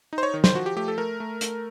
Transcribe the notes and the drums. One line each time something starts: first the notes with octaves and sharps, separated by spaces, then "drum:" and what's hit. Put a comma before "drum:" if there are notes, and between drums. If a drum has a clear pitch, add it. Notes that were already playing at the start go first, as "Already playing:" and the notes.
D#4
C5
C#5
D#3
C5, drum: snare
F3 F#4
G4
A3 G4
A4
A3 A#4
A3
A3, drum: hi-hat